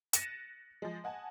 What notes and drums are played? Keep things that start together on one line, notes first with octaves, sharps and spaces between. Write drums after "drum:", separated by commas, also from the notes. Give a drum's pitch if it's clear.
F#6 A6 A#6 C#7 D#7 E7, drum: hi-hat
F3 G#3
D#5 F#5 G#5 A5